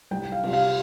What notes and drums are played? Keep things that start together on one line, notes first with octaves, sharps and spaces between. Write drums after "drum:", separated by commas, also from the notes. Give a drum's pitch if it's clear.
C2 G5
F5
C3 G3, drum: cymbal
F5